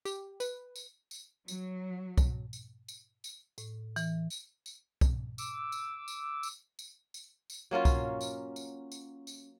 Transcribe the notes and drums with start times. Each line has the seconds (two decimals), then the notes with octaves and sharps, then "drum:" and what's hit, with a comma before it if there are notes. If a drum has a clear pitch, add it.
0.05 G4, drum: tambourine
0.40 B4, drum: tambourine
0.76 drum: tambourine
1.11 drum: tambourine
1.48 F#3, drum: tambourine
2.18 drum: kick C2, tambourine
2.53 drum: tambourine
2.88 drum: tambourine
3.24 drum: tambourine
3.58 A2, drum: tambourine
3.96 E3, drum: tambourine
4.30 drum: tambourine
4.66 drum: tambourine
5.01 drum: kick C2, tambourine
5.38 D6 E6, drum: tambourine
5.72 drum: tambourine
6.08 drum: tambourine
6.43 drum: tambourine
6.79 drum: tambourine
7.14 drum: tambourine
7.50 drum: tambourine
7.71 F#3 A#3 C#4 F4
7.85 drum: kick C2, tambourine
8.21 drum: tambourine
8.56 drum: tambourine
8.92 drum: tambourine
9.27 drum: tambourine